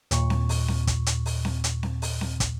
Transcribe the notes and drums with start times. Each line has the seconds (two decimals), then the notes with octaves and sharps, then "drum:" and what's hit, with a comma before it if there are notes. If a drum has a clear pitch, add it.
0.11 D#2 A#2 C#6, drum: hi-hat
0.30 drum: snare C4
0.49 drum: open hi-hat
0.68 drum: snare C4
0.87 drum: kick, hi-hat
1.06 drum: hi-hat
1.26 drum: open hi-hat
1.45 drum: snare C4
1.64 drum: hi-hat
1.83 drum: snare C4
2.02 drum: open hi-hat
2.21 drum: snare C4
2.40 drum: kick, hi-hat